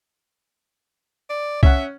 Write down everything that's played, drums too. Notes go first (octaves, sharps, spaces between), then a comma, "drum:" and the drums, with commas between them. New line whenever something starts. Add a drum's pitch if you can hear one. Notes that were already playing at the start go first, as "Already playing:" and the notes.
D5
C#4 E5 F#5, drum: kick C2